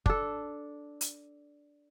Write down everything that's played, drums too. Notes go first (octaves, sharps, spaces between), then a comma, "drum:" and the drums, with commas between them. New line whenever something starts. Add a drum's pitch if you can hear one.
D4 A4, drum: kick
drum: hi-hat